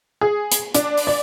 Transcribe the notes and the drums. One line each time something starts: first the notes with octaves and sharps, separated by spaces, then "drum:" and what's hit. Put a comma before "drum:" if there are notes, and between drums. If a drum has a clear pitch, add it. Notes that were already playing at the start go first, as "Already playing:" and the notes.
G#4
drum: hi-hat
D4, drum: hi-hat
drum: open hi-hat
D5